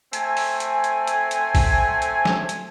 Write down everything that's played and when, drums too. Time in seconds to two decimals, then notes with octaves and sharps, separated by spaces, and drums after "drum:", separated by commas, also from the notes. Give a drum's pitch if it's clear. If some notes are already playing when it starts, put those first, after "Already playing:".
0.13 A3 C4 G#5, drum: hi-hat
0.37 drum: open hi-hat
0.60 drum: hi-hat
0.84 drum: hi-hat
1.07 drum: hi-hat
1.31 drum: hi-hat
1.55 drum: kick, open hi-hat
2.02 drum: hi-hat
2.25 drum: snare
2.49 drum: hi-hat